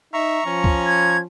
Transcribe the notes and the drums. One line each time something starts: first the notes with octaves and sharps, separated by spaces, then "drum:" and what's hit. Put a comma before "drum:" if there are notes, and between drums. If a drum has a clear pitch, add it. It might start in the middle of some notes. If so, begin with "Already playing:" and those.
D#4 E5 A#5 C#6
F3 C#4
drum: kick
G#6